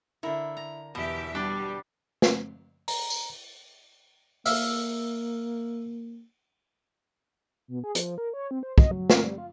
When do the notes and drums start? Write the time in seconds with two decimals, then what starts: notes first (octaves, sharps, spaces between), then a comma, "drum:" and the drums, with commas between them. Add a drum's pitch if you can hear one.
0.23 D3 E4 A#4
0.57 A#5
0.95 E2 B2 G4 E5
1.35 G3 D4 D5 G5
2.22 drum: snare
2.88 A#5, drum: open hi-hat
3.10 drum: tambourine
4.46 A#3 E5 F5, drum: open hi-hat
7.68 B2
7.84 G#4
7.95 F3, drum: hi-hat
8.18 A#4
8.33 C#5
8.51 C4
8.63 C5
8.78 D#5, drum: kick
8.91 F#3
9.10 A#4, drum: snare
9.24 G3
9.38 F4